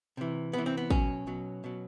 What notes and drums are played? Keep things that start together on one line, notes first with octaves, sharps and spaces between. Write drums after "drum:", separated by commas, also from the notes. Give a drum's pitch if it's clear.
C3 E3
C3 E3 B3
C4
B3
B2 F#3 C#4, drum: kick
B2 F#3
B2 F#3